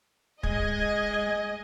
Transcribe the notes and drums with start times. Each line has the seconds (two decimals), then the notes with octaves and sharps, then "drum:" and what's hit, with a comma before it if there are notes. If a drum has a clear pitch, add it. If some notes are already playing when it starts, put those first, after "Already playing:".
0.43 G#3 D#5 G#5, drum: kick